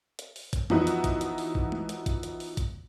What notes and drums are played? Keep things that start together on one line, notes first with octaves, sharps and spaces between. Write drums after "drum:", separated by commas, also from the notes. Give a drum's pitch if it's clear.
drum: hi-hat
drum: open hi-hat
drum: kick G#1, hi-hat
E3 F3 B3 D#4 E4 F#4, drum: tom F2
drum: hi-hat
drum: kick G#1, hi-hat
drum: hi-hat
drum: open hi-hat
drum: kick G#1
drum: tom
drum: hi-hat
drum: kick G#1, hi-hat
drum: hi-hat
drum: open hi-hat
drum: kick G#1, hi-hat